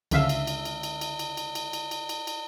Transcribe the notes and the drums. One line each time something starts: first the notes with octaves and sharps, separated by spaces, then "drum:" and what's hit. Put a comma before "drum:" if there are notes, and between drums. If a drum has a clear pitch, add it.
C#2 D3 E5 F5, drum: cymbal
drum: cymbal
drum: cymbal
drum: cymbal
drum: cymbal
drum: cymbal
drum: cymbal
drum: cymbal
drum: cymbal
drum: cymbal
drum: cymbal
drum: cymbal
drum: cymbal